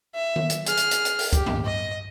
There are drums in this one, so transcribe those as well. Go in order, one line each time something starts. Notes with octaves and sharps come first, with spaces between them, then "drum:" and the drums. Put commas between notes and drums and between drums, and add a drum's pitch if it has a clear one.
E5
drum: tom D#3
drum: hi-hat
G#4 F6, drum: hi-hat
drum: hi-hat
drum: hi-hat
drum: hi-hat
drum: open hi-hat
G4, drum: kick C#2, hi-hat
drum: tom G2
D#5